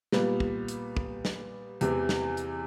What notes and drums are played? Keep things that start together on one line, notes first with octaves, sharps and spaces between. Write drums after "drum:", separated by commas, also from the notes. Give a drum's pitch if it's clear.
A#2 G3 B3, drum: snare
drum: kick
drum: hi-hat
drum: kick
drum: snare
E2 C3 E3, drum: hi-hat
drum: snare
drum: hi-hat